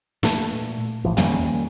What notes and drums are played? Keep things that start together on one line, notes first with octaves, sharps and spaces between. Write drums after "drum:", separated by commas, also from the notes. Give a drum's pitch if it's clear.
A#2 A3, drum: snare
A1 A2 E3 F3
D#3 G3 A#3 C#4, drum: tom